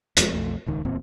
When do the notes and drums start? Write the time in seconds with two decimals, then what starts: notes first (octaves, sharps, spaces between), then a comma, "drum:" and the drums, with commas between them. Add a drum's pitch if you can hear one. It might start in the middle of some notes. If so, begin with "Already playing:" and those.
0.17 E1 F2 A2 G#3, drum: hi-hat
0.34 B1 F2 A3
0.66 D#1 C#2 D#3
0.85 D1 E2 A#2 C4